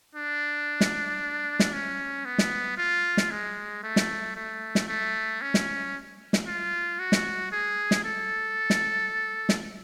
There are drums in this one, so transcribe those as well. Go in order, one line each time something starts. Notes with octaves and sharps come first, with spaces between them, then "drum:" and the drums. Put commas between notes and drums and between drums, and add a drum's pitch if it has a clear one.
D4
drum: snare
drum: snare
C#4
B3
drum: snare
F4
drum: snare
G#3
A3
drum: snare
A3
drum: snare
A3
C#4
drum: snare
drum: snare
F4
F#4
drum: snare
G#4
drum: snare
A4
drum: snare
drum: snare